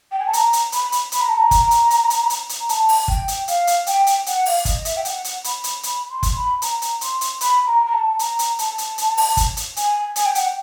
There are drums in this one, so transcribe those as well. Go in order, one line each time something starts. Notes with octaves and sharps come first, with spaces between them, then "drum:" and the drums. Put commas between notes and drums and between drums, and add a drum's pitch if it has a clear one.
G5
G#5
A5
A#5, drum: hi-hat
drum: hi-hat
B5, drum: hi-hat
drum: hi-hat
B5, drum: hi-hat
A#5
A5
A#5
drum: kick, hi-hat
drum: hi-hat
drum: hi-hat
drum: hi-hat
drum: hi-hat
drum: hi-hat
A#5
A5, drum: hi-hat
drum: open hi-hat
G5, drum: kick
drum: hi-hat
F5, drum: hi-hat
drum: hi-hat
G5, drum: hi-hat
drum: hi-hat
F#5, drum: hi-hat
F5, drum: open hi-hat
D#5, drum: kick, hi-hat
D#5
E5, drum: hi-hat
G5
F#5, drum: hi-hat
drum: hi-hat
B5, drum: hi-hat
drum: hi-hat
B5, drum: hi-hat
C6
drum: kick, hi-hat
B5
A#5, drum: hi-hat
drum: hi-hat
C6, drum: hi-hat
drum: hi-hat
B5, drum: hi-hat
A#5
A#5
A5
A#5, drum: hi-hat
drum: hi-hat
A5, drum: hi-hat
drum: hi-hat
drum: hi-hat
drum: open hi-hat
drum: kick, hi-hat
drum: hi-hat
G#5, drum: hi-hat
G#5, drum: hi-hat
G5
F#5, drum: hi-hat
G5